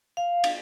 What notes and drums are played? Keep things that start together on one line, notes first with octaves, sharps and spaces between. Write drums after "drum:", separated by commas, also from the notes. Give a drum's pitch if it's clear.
F5
drum: cymbal